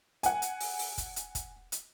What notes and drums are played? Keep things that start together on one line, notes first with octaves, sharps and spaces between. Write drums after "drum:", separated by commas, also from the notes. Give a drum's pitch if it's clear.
F#5 G#5, drum: hi-hat
drum: hi-hat
drum: open hi-hat
drum: open hi-hat
drum: kick, hi-hat
drum: hi-hat
drum: kick, hi-hat
drum: hi-hat